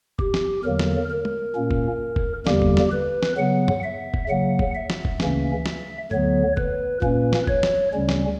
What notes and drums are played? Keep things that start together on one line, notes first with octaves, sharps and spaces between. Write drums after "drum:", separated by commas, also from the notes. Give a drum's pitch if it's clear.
G4, drum: kick
drum: snare
E2 D3 F#3 A#3 A#4
drum: snare
A#4
drum: tom
A#2 A#3 C#4
drum: kick
drum: kick
E2 D3 G3 A#3 G4, drum: snare
drum: kick
drum: snare
B4
drum: snare
C#3 F#3 B3 F#5
drum: tom
E5
drum: kick
C#3 F#3 A#3 F#5
drum: kick
E5
drum: snare
drum: kick
D2 C#3 E3 A#3 C#4, drum: snare
drum: snare
D2 D3 F#3 B3 C#5, drum: tom G2
B4, drum: kick
A#2 A#3 C#4 B4, drum: kick
drum: snare
C#5, drum: kick
drum: snare
D2 C#3 G3 C#4
drum: snare